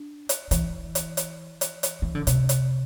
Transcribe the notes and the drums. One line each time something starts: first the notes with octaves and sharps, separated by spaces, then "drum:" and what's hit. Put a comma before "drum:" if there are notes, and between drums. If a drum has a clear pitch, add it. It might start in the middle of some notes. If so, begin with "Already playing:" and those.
Already playing: D4
drum: hi-hat
E3, drum: hi-hat
drum: hi-hat
drum: hi-hat
drum: hi-hat
drum: hi-hat
E3
D3
C3, drum: hi-hat
drum: hi-hat